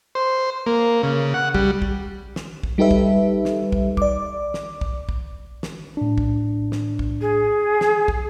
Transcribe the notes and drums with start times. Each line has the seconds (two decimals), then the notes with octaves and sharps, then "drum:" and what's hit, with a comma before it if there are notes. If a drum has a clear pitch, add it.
0.15 C5
0.66 A#3
1.03 C#3
1.34 F#5
1.55 G3, drum: kick
1.82 drum: kick
2.36 drum: snare
2.63 drum: kick
2.78 G3 D#4 G4 A4 B4 E5
2.91 drum: kick
3.45 drum: snare
3.72 drum: kick
3.97 D5 D6, drum: kick
4.54 drum: snare
4.81 drum: kick
5.09 drum: kick
5.63 drum: snare
5.97 A2 D4
6.18 drum: kick
6.72 drum: snare
6.99 drum: kick
7.21 G#4
7.81 drum: snare
8.08 drum: kick